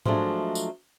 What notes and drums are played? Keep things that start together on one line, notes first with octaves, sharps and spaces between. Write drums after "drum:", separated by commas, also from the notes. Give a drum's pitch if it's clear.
F3 F#3 G#3 A3 D4, drum: tom G#2
drum: tambourine